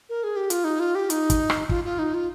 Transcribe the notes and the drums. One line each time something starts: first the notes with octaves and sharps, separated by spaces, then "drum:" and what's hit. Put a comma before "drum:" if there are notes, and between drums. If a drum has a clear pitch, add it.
A#4
G#4
G4
F4, drum: hi-hat
D#4
F4
G4
D#4, drum: hi-hat
drum: kick, hi-hat
drum: rim click
F4, drum: kick
F4
D#4
F4